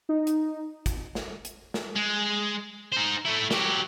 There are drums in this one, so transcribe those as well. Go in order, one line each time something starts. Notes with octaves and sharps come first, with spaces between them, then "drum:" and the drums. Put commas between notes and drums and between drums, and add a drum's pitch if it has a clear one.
D#4
drum: hi-hat
drum: kick, hi-hat
drum: snare
drum: hi-hat
drum: snare
G#3
D#4 C5
A3 E4
F#3 G4, drum: snare